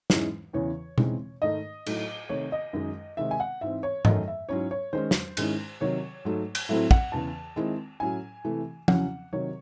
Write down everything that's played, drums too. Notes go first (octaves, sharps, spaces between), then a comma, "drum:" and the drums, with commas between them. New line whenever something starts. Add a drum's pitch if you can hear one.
G#2 E3 G#3 C#4 E4, drum: snare
E2 C#3 E3 C#5
C#3 E3 G#3 C4 D#4, drum: tom B2
G#2 D#3 A3 D#4 D#5
A2 F#3 A3 D#4, drum: cymbal
C3 D#3 A3 D#4 C#5
D#5
F#2 D#3 G#3 D#4
C3 D#3 G#3 C4 E5
G#5
F#5
G#2 E3 C4 E5
C#5
F#2 D#3 F#3 A3 C#4 D#5, drum: tom G#2
E5
G#2 F#3 C#4 E4 C#5
C#5
D#3 G#3 C#4 C5
drum: snare
G#2 D#3 G#3 C#4 E4, drum: cymbal
C3 D#3 F#3 C#5
G#2 F#3 A3
drum: cymbal
A2 F#3 A3 C4 E4 E5
F#5, drum: kick
E2 C#3 E3 A5
D#3 G#3 C4 E4
A2 F#3 C#4 E4 G#5
C3 E3 A3
C#3 F#3 C#4 E4 F#5, drum: tom F3
C3 D#3 F#3 C#5